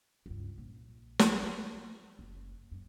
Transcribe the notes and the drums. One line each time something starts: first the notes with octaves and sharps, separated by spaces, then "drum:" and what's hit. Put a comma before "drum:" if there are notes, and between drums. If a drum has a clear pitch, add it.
C#2 G2
A#1
drum: snare
F4
F#1
F#2